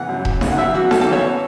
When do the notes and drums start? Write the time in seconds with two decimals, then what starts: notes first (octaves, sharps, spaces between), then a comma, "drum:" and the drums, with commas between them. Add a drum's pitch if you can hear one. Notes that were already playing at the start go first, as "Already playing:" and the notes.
Already playing: C#3 E3 F#5
0.09 F#2
0.25 F#2, drum: kick E1
0.41 C#3, drum: snare D#4
0.52 F#5
0.57 F#2 E5
0.74 E3 F#4
0.91 F#2 A4, drum: snare D#4
1.01 A4
1.07 E3
1.13 C#5